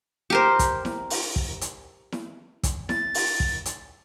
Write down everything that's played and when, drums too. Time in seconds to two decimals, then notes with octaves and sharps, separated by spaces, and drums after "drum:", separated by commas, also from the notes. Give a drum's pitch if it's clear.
0.30 G4 A#4 C5
0.59 drum: kick, hi-hat
0.85 drum: snare E4
1.10 drum: open hi-hat
1.36 drum: kick
1.61 drum: hi-hat
2.12 drum: snare E4
2.63 drum: kick, hi-hat
2.89 A6, drum: snare E4
3.14 drum: open hi-hat
3.40 drum: kick
3.66 drum: hi-hat